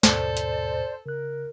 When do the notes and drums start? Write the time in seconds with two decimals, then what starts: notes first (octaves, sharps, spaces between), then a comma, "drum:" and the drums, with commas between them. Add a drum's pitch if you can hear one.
0.03 D#2 G#2 B2 A4 C5 D5, drum: snare
0.37 drum: hi-hat
1.06 C#3 A#4 F#6